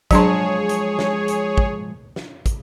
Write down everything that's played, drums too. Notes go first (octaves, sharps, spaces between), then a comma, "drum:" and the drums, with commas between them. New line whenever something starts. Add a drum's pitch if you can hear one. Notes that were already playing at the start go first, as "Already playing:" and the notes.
F3 F#3 G#3 D4 G#4 C#5 A5 C6, drum: kick, hi-hat
drum: hi-hat
drum: snare
drum: hi-hat
drum: kick
drum: snare
drum: kick, hi-hat